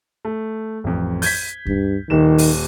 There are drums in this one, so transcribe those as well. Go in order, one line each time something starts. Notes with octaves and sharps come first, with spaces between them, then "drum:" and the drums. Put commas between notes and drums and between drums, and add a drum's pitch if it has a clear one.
A3
A1 F2
G6 G#6 B6, drum: open hi-hat
G2, drum: kick D2
D#1 D#3 E7
drum: open hi-hat